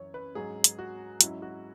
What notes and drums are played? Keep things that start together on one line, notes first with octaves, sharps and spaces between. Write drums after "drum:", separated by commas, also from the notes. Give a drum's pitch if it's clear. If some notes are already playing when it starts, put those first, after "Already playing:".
Already playing: F#2 E3 C#5
B4
G#2 F#3 C#4 G#4
drum: hi-hat
F#4
G#2 F#3 C#4 E4, drum: hi-hat
F#4